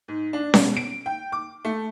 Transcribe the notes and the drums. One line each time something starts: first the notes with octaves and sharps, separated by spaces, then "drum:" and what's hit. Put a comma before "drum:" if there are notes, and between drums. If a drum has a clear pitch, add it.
G#2
D4
B2, drum: snare C#4
D7
G5
D6
A3